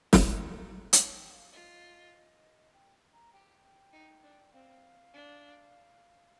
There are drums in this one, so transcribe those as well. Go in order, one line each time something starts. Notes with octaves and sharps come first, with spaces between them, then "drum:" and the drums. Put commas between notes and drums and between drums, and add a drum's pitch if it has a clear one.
drum: snare
A5
A4 A#5
A5, drum: hi-hat
G5
F5
F4 D#5
G5
A#5
G4 G5
D#4
D4
C4 F5
D4